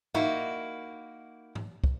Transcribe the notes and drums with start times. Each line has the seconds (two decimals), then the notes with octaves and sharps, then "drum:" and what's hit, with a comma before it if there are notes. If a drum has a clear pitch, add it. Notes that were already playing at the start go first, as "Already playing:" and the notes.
0.14 A#3 D#4 E4 F#4, drum: tom G#2
1.55 drum: tom G#2
1.84 drum: kick